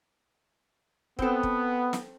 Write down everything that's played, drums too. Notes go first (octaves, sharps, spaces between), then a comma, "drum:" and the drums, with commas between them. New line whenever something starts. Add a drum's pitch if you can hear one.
B3 C4 A4, drum: kick
drum: kick
drum: snare